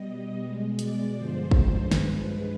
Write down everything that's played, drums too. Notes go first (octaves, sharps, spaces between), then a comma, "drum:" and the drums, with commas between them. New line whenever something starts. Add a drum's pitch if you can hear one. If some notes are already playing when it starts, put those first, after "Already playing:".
Already playing: B2 G3 D#5
B2 G#3
D5, drum: hi-hat
G2 D3 F3 G#3 C5
drum: kick
G2 F3 G#3 B4, drum: snare